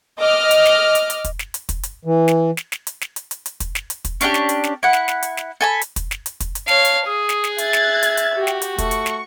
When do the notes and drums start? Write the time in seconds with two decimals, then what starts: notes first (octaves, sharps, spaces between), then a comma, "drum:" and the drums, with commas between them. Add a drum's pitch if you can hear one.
0.17 D#5 D6 F6
0.51 drum: hi-hat
0.66 drum: snare
0.95 drum: hi-hat
1.10 drum: hi-hat
1.24 drum: kick, hi-hat
1.39 drum: snare
1.54 drum: hi-hat
1.69 drum: kick, hi-hat
1.83 drum: hi-hat
2.05 E3
2.28 drum: snare
2.57 drum: snare
2.72 drum: snare
2.87 drum: hi-hat
3.01 drum: snare
3.16 drum: hi-hat
3.31 drum: hi-hat
3.46 drum: hi-hat
3.60 drum: kick, hi-hat
3.75 drum: snare
3.90 drum: hi-hat
4.05 drum: kick, hi-hat
4.21 C#4 D4 E4 G4, drum: hi-hat
4.34 drum: snare
4.49 drum: hi-hat
4.64 drum: snare
4.83 E4 F#5
4.93 drum: snare
5.08 drum: snare
5.23 drum: hi-hat
5.37 drum: snare
5.61 A4 G#5 B5
5.81 drum: hi-hat
5.96 drum: kick, hi-hat
6.11 drum: snare
6.26 drum: hi-hat
6.40 drum: kick, hi-hat
6.55 drum: hi-hat
6.68 C#5 F5 A5, drum: snare
6.85 drum: hi-hat
7.06 G#4 D#6
7.29 drum: snare
7.44 drum: snare
7.58 E5 F#6 G#6 A6, drum: hi-hat
7.73 drum: snare
8.03 drum: hi-hat
8.17 drum: hi-hat
8.37 F#4 G4
8.47 drum: snare
8.62 drum: hi-hat
8.78 A3 C#6, drum: kick, hi-hat
8.91 drum: hi-hat
9.06 drum: snare